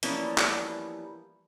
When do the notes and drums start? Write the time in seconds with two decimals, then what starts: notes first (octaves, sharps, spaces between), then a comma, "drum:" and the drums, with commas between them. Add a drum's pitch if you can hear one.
0.03 E3 F3 G3 A#3 B3 C#4, drum: hi-hat
0.38 drum: clap